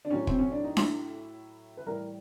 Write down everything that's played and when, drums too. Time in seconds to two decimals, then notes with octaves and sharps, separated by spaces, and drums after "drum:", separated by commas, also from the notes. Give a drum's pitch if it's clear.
0.05 D4
0.10 A2 F#3 C#4
0.27 C4, drum: kick
0.39 C#4
0.52 D4
0.64 D#4
0.77 E4, drum: snare D4
1.77 B4
1.86 A2 E3 G3 A#4